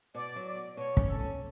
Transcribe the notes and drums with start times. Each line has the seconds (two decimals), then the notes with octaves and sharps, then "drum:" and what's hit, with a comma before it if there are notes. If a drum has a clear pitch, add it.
0.15 B2 D5
0.36 F#3
0.47 D5
0.56 B2
0.77 B2 C#5
0.97 C#4, drum: kick
1.08 A4
1.18 C#4